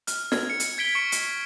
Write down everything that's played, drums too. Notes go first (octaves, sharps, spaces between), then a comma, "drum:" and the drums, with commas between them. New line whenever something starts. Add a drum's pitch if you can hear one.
F6, drum: hi-hat
G#6, drum: snare
C#7
drum: hi-hat
G#6 B6 D7 G7
C#6 C#7
drum: hi-hat